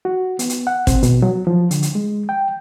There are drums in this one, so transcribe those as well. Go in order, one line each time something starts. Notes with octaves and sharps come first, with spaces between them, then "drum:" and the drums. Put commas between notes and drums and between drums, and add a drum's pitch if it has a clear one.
F#4
B3, drum: hi-hat
drum: hi-hat
F#5
C4, drum: kick, hi-hat
B2, drum: hi-hat
F#3
F3
D3, drum: hi-hat
drum: hi-hat
G#3
G5